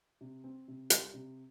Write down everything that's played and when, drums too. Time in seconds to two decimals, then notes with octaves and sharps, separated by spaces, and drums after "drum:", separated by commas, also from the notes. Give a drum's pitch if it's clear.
0.21 C3
0.44 C4
0.68 C3
0.90 G3, drum: hi-hat
1.14 C3